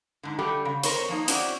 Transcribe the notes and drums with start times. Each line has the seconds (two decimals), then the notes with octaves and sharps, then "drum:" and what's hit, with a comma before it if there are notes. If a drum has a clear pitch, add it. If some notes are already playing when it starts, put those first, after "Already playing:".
0.23 G#2 D3
0.39 D3 G3 A3 G4 A4
0.65 C#3
0.84 A#4 C5 C#5, drum: hi-hat
1.09 F3 A#3 D#4
1.28 C4 C#4 E4 F#4 D5, drum: hi-hat